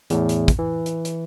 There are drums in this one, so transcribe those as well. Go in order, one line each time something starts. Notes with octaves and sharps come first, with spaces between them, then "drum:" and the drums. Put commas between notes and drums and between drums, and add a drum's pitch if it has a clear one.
E2 A2, drum: hi-hat
drum: hi-hat
drum: kick, hi-hat
E3
drum: hi-hat
drum: hi-hat